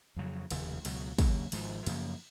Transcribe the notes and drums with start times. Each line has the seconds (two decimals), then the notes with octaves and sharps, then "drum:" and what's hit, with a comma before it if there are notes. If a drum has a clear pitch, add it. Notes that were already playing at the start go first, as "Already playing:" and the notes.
0.16 F2 C#3 F#3
0.50 F1 D#2 C#3, drum: cymbal
0.85 C#2 B2 F#3, drum: cymbal
1.18 D#2 C#3 F#3 A#3, drum: kick, cymbal
1.52 G#1 G#2 F3, drum: cymbal
1.86 F#2 C#3 F3 A#3, drum: cymbal